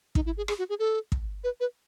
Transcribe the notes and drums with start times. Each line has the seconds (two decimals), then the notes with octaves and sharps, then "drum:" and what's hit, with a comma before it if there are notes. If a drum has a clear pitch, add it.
0.15 D#4, drum: kick
0.26 E4
0.37 G#4
0.48 G#4, drum: rim click
0.58 F#4
0.69 G#4
0.79 A4
1.12 drum: kick
1.44 B4
1.60 B4